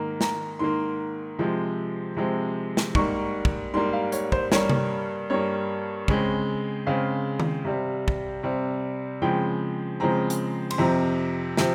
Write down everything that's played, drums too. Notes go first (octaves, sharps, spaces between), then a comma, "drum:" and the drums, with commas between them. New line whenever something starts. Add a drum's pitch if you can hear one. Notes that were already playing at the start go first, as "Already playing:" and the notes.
Already playing: G#2 D#3 A#3
A#5, drum: snare
G#2 D#3 A#3 C6
C3 F3 G#3 C4
C3 F3 G#3 C4
drum: snare
G#2 G3 A#3 C#6, drum: kick
drum: kick
G#2 G3 A#3 C6
F5
C#5, drum: hi-hat
C5, drum: kick
G2 G3 A#3 C#5, drum: snare
drum: tom C3
G2 G3 A#3 C#5
C#3 G#3 C4, drum: kick
C#3 G#3 C4 F5
drum: tom D#3
C3 G3 C4
drum: kick
C3 G3 C4
C#3 F3 G#3 C4 G5
C#3 F3 G#3 C4 A#5
drum: hi-hat
C6, drum: cymbal
F2 C3 F3 C4 A#5
C3 F3 C4, drum: snare